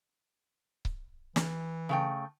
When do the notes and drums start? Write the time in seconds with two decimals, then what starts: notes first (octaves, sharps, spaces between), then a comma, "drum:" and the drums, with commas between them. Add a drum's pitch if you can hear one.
0.85 drum: kick C#1
1.36 E3, drum: snare
1.89 C#3 A3 G5